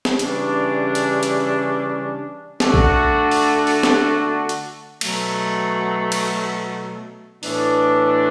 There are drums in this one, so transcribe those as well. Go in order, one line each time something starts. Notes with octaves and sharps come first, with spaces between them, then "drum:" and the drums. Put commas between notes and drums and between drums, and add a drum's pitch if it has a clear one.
drum: snare
C#3 E3 G3 D4, drum: hi-hat
drum: hi-hat
drum: hi-hat
D3 A3 D4 F#4, drum: snare
drum: kick A#1
drum: open hi-hat
drum: open hi-hat
drum: snare
drum: hi-hat
B2 F#3 A3, drum: cymbal
drum: cymbal
A2 E3 B3 D4, drum: open hi-hat